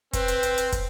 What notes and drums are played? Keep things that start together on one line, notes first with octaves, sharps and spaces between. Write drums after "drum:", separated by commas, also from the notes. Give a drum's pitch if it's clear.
C4 B4, drum: kick, hi-hat
drum: hi-hat
drum: hi-hat
drum: hi-hat
drum: kick, hi-hat